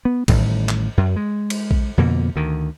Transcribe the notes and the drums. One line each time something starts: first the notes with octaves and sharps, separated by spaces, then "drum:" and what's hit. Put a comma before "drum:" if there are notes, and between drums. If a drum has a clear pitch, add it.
B3
A1 A2 D#3 G3, drum: kick A#1, cymbal
drum: clap
F#2
G#3
drum: cymbal
drum: kick A#1
F2 B2 D3 A#3
D2 D#3